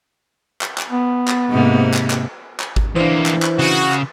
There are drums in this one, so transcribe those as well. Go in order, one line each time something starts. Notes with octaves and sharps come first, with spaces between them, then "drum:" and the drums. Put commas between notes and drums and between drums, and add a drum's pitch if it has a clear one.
drum: clap
drum: clap
B3
drum: clap
G#2 C3 A#3
drum: clap
drum: clap
drum: clap
drum: kick G#1
E2 E3 A#3 D4 C5
drum: clap
drum: clap
C#3 F#4
drum: clap